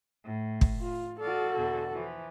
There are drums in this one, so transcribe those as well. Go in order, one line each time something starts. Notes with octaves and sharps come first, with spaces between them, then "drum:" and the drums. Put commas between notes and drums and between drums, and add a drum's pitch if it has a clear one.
A2
drum: kick
F4
F#4 A4 D5 F5
E2 B2 D3
E3 F3